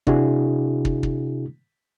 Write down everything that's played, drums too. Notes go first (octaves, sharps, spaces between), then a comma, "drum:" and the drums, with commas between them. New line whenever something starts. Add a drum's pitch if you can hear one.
C3 D4 E4 F#4 G#4, drum: kick
drum: kick
drum: kick